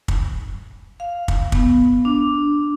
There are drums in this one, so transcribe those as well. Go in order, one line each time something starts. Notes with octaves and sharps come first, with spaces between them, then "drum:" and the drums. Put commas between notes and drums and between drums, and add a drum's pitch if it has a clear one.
drum: kick
F5
drum: kick
B3, drum: kick
D4